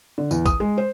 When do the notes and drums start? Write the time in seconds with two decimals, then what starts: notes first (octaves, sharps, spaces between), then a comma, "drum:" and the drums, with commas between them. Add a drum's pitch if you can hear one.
0.18 D3
0.31 E2, drum: tambourine
0.46 D#6, drum: kick, tambourine
0.60 G#3
0.78 C5